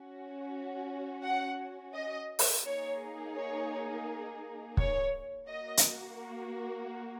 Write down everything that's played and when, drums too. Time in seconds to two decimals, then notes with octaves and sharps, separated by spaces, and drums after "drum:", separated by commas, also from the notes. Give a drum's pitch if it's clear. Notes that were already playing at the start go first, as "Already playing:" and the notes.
Already playing: C#4 F#4
1.23 F#5
1.93 D#5
2.39 drum: open hi-hat
2.65 A#3 D#4 G#4 C#5
3.36 C#5
4.77 C#5, drum: kick
5.48 A#3 F#4 D#5
5.77 drum: hi-hat